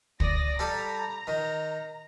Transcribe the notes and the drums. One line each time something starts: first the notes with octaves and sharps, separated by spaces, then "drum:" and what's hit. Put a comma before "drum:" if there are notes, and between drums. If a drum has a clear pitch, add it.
D5 D#6 A#6, drum: kick
G3 A4 A#5
D#3